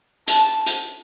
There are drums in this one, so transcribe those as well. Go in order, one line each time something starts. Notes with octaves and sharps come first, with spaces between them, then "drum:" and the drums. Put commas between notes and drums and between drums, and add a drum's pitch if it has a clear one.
A5, drum: hi-hat
drum: hi-hat